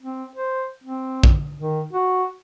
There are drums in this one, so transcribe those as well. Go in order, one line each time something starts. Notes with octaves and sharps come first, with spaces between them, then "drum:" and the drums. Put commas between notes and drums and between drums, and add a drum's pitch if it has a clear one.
C4
C5
C4
drum: kick
D#3
F#4